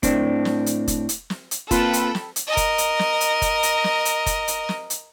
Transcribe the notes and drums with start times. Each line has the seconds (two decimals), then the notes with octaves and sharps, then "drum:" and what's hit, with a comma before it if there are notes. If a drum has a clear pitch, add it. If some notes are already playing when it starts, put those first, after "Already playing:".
0.03 A2 C4 D4, drum: kick F#1, hi-hat
0.45 drum: snare
0.66 drum: hi-hat
0.88 drum: kick F#1, hi-hat
1.09 drum: hi-hat
1.30 drum: snare
1.51 drum: hi-hat
1.71 A#3 C4 F4 A4 B4 G5 B5, drum: kick F#1, hi-hat
1.93 drum: hi-hat
2.15 drum: snare
2.36 drum: hi-hat
2.47 A#4 D#5
2.57 drum: kick F#1, hi-hat
2.78 drum: hi-hat
2.99 drum: snare
3.21 drum: hi-hat
3.42 drum: kick F#1, hi-hat
3.63 drum: hi-hat
3.84 drum: snare
4.05 drum: hi-hat
4.26 drum: kick F#1, hi-hat
4.48 drum: hi-hat
4.69 drum: snare
4.90 drum: hi-hat